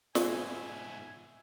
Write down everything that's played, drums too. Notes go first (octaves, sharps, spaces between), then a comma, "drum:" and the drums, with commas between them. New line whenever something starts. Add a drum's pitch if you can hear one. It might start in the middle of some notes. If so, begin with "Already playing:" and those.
G#2 B2 G#3 F#4 E5 G#5 C6, drum: snare